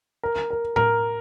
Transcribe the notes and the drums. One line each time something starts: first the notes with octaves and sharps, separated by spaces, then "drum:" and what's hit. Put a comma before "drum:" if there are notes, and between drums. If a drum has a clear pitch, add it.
A#4
A#4
A#4, drum: tom A2